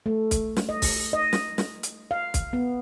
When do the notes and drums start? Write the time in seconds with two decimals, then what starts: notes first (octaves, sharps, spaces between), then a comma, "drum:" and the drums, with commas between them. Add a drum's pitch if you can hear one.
0.06 A3
0.31 drum: kick B1, hi-hat
0.57 drum: snare
0.69 D#5
0.82 drum: kick B1, open hi-hat
1.13 D#5
1.33 drum: snare
1.58 drum: snare
1.83 drum: hi-hat
2.11 F5
2.34 drum: kick B1, hi-hat
2.53 B3